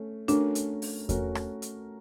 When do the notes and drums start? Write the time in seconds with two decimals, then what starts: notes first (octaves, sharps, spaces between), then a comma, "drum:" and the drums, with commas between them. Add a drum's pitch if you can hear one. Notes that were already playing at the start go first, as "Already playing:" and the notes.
Already playing: A3 C#4
0.28 A3 C#4 D4 F#4 A#4, drum: hi-hat
0.55 drum: hi-hat
0.82 drum: open hi-hat
1.09 A3 C#4 F#4 A#4, drum: kick E2, hi-hat
1.35 drum: rim click
1.62 drum: hi-hat